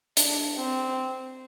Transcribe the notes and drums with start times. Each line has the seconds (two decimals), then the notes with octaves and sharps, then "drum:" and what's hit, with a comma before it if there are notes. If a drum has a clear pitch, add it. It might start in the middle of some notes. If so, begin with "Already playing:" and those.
0.17 D4, drum: hi-hat
0.57 C4